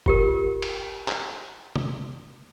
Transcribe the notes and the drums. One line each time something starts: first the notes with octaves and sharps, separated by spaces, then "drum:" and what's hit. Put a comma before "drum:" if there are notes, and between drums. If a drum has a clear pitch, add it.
F4 G4 A#4, drum: kick
drum: cymbal
drum: clap
drum: tom C3